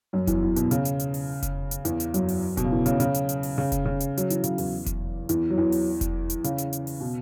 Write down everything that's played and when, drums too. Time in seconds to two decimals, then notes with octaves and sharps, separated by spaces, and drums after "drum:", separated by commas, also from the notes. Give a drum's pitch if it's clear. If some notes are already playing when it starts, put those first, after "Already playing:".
0.13 F#2 F#3
0.27 E2 E3, drum: kick F1, hi-hat
0.43 E2 E3
0.56 B2, drum: hi-hat
0.71 C#3, drum: hi-hat
0.85 drum: hi-hat
1.00 drum: hi-hat
1.14 drum: open hi-hat
1.43 drum: kick F1, hi-hat
1.71 drum: hi-hat
1.85 E2 E3, drum: hi-hat
2.00 drum: hi-hat
2.14 F#2 F#3, drum: hi-hat
2.28 drum: open hi-hat
2.57 B2, drum: kick F1, hi-hat
2.64 C#3
2.72 E2 E3
2.86 C#3, drum: hi-hat
3.00 C#3, drum: hi-hat
3.14 drum: hi-hat
3.29 drum: hi-hat
3.43 drum: open hi-hat
3.58 C#3
3.72 drum: kick F1, hi-hat
3.86 C#3
4.00 drum: hi-hat
4.17 F#3, drum: hi-hat
4.30 E3, drum: hi-hat
4.44 C#3, drum: hi-hat
4.58 E2 E3, drum: open hi-hat
4.86 drum: kick F1, hi-hat
5.29 E2 E3, drum: hi-hat
5.50 F#3
5.58 E2 E3
5.72 drum: open hi-hat
6.01 drum: kick F1, hi-hat
6.30 drum: hi-hat
6.44 C#3, drum: hi-hat
6.58 drum: hi-hat
6.73 drum: hi-hat
6.87 drum: open hi-hat
7.01 B2